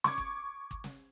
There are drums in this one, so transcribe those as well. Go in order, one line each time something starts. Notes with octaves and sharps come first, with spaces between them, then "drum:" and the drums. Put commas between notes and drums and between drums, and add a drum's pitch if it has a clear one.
C#6 D6 G#6, drum: snare
drum: kick G1
drum: kick G1
drum: snare